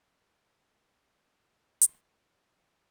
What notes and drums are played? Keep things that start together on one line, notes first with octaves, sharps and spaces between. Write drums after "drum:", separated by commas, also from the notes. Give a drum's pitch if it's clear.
G#3 B3
G3
drum: hi-hat
E4
D#2